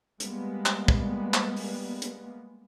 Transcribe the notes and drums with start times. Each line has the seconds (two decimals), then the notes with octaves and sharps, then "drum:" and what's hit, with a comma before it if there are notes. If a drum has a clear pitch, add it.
0.20 G3 G#3 A#3 B3, drum: hi-hat
0.66 drum: clap
0.88 drum: kick
1.34 drum: clap
1.57 drum: open hi-hat
2.02 drum: hi-hat